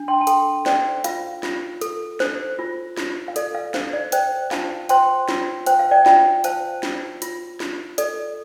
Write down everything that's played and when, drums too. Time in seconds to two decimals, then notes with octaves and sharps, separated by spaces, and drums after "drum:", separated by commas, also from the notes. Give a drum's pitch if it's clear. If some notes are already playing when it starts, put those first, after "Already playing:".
Already playing: D4
0.08 G5 C6
0.21 A5
0.27 A4 G5 C6, drum: hi-hat
0.66 C5 D5 G5, drum: snare
1.04 F4 F5, drum: hi-hat
1.43 F4, drum: snare
1.81 A4, drum: hi-hat
2.20 C5, drum: snare
2.59 F4
2.97 F4, drum: snare
3.28 F5
3.36 A4 D5, drum: hi-hat
3.55 F5
3.74 C5 F5, drum: snare
3.93 D5
4.12 C5 D5 G5, drum: hi-hat
4.51 F4 F5 A5, drum: snare
4.89 C5 G5 C6, drum: hi-hat
5.28 F4, drum: snare
5.66 C5 G5, drum: hi-hat
5.79 F5
5.91 D5 G5
6.06 F4 D5 G5, drum: snare
6.44 C5 F5 A5, drum: hi-hat
6.83 F4, drum: snare
7.22 F4, drum: hi-hat
7.60 F4, drum: snare
7.98 A4 D5, drum: hi-hat